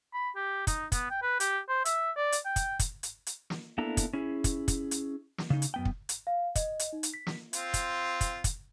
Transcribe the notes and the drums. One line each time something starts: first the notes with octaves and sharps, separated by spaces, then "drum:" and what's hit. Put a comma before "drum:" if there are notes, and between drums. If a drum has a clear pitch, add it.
B5
G4
D#4, drum: kick, hi-hat
B3, drum: kick, hi-hat
G5
B4
G4, drum: hi-hat
C5
E5, drum: hi-hat
D5
drum: hi-hat
G5
drum: kick, hi-hat
drum: kick, hi-hat
drum: hi-hat
drum: hi-hat
drum: snare
A#3 B3 D4 E4 A4 A#5
drum: kick, hi-hat
C#4 E4 G#4
drum: kick, hi-hat
drum: kick, hi-hat
drum: hi-hat
drum: snare
C#3 D#4
drum: hi-hat
F#2 B3 G5
drum: kick
drum: hi-hat
F5
D#5, drum: kick, hi-hat
drum: hi-hat
D#4
drum: hi-hat
B6
drum: snare
C4 F4, drum: hi-hat
drum: kick, hi-hat
drum: kick, hi-hat
drum: kick, hi-hat